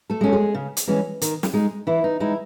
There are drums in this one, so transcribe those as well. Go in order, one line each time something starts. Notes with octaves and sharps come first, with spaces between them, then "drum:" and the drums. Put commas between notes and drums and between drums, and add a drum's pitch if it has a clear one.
A3 A4
G#3 C#4
G#3 G#4
C#3
drum: hi-hat
E3 G#3 C#4
D#3, drum: hi-hat
drum: snare
G#3 D#4
E3 E4
D#4
G#3 D#4 E4